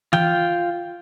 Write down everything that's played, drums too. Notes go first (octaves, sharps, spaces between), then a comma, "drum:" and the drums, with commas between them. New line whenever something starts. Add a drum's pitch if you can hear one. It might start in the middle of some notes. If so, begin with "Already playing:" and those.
F4 G5, drum: tom E3